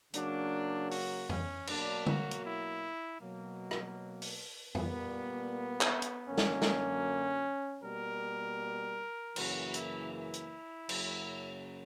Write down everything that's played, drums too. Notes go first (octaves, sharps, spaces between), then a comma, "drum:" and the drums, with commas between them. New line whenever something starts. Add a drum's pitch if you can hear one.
C#3 F#3 A#3 D4, drum: hi-hat
F#4, drum: open hi-hat
C#4, drum: tom F2
B2 F#3 A#3 D4, drum: cymbal
F#4, drum: tom
drum: hi-hat
E4
B2 F#3 A#3
drum: rim click
drum: open hi-hat
A#2 G3 A#3 B3, drum: tom F2
drum: clap
drum: hi-hat
F#2 D3 F#3 A#3 C#4
drum: snare
drum: snare
B2 G3 A#3 A#4
F#2 C#3 E3 A#3 F#4, drum: cymbal
E4, drum: hi-hat
E4
drum: hi-hat
F#2 C#3 F#3 A#3, drum: cymbal